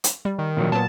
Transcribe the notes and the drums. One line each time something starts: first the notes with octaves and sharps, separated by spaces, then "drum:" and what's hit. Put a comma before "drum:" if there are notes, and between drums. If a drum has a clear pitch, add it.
drum: hi-hat
G3
D#3
A#2 F3 F#3
A#2 F#3 B3 A5